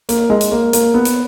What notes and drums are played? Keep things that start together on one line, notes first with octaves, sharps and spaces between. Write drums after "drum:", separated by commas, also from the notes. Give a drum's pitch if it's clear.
A#3, drum: hi-hat
G#3
drum: hi-hat
A#3
A#3, drum: hi-hat
B3
drum: hi-hat